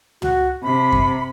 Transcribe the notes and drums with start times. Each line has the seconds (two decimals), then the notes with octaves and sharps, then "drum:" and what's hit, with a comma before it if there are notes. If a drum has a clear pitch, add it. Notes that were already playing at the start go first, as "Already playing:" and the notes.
0.22 F#4, drum: tom
0.63 C3 B5
0.92 drum: kick F#2